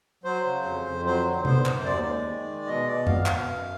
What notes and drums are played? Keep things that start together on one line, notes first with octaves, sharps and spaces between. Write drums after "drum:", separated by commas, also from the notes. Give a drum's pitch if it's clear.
F#3 C5
C#3
F2
F2
F#3 C5
D3
B3 C5, drum: tom C3
F#2, drum: clap
D#2 D5
G#3
D#3
G#3
B2 D#5
B2 D5
B3 F5, drum: tom F#2
B2 F5, drum: clap
F#2